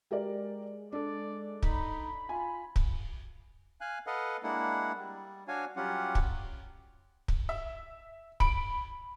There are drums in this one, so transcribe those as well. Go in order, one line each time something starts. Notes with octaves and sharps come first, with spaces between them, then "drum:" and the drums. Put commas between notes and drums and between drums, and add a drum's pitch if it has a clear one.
G#3 G4 A#4 D5
D4 A4 D5
D#4 B5, drum: kick
F4 G#5
drum: kick
F5 G#5 F#6
A4 B4 D#5 F5 F#5
G#3 A#3 D4 E4 F#5
G3
D4 F#4 C#5 F5 G#5
F#3 G3 C#4 F4 G4 F#5
drum: kick
drum: kick
E5
B5 D7, drum: kick